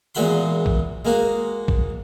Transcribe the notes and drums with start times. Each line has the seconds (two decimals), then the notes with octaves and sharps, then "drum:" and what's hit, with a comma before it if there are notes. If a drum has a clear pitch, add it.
0.15 E2 A#2 G#3 F#4 B5 C6
0.66 drum: kick
1.05 G#3 A#3 F#4
1.68 drum: kick